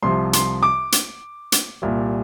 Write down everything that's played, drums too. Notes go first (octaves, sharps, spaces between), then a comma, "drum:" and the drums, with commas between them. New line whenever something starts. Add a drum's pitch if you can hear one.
C2 C3 F3 C6
C6, drum: hi-hat
D6
drum: hi-hat
drum: hi-hat
C2 A#2 G3